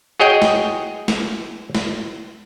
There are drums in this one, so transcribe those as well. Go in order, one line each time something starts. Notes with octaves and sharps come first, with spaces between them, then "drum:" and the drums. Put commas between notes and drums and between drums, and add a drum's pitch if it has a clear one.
F#4 G#4 C#5 D#5 G5
drum: snare
drum: snare
drum: snare